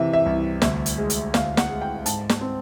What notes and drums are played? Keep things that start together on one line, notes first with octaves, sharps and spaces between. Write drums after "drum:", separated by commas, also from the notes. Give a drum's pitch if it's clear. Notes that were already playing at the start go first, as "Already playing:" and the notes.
Already playing: C3 E3 E5
E5
C2
D2 E5, drum: snare
drum: hi-hat
G#3
drum: hi-hat
D2 F5, drum: snare
F#5, drum: snare
G#3
G5
G#2 A5, drum: hi-hat
drum: snare
C4